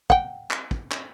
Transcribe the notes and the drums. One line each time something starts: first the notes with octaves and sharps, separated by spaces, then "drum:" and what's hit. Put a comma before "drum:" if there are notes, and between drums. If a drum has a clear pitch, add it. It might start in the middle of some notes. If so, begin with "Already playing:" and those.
F#5 G5, drum: kick
drum: clap
drum: kick
drum: clap